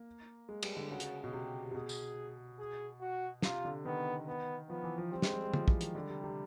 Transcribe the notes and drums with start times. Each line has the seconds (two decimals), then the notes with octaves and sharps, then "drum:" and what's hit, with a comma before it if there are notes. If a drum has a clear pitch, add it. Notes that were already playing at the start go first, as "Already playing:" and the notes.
Already playing: A#3
0.49 G#3
0.63 G3, drum: cymbal
0.77 D3
0.91 C#3 F#4
1.00 drum: hi-hat
1.24 B2
1.33 C3 G4
1.71 C3
1.75 B2 G#4
1.89 drum: tambourine
2.59 G#4
3.01 F#4
3.42 C3 F4, drum: snare
3.65 D3
3.85 D#3 B3
4.27 B3
4.69 F3 B3
4.84 E3
4.98 F3
5.11 G3 C4
5.22 G#3, drum: snare
5.33 G3
5.43 G#3
5.53 F3, drum: tom
5.68 E3, drum: kick
5.81 D#3, drum: hi-hat
5.95 D3 G3
6.10 C3
6.24 C3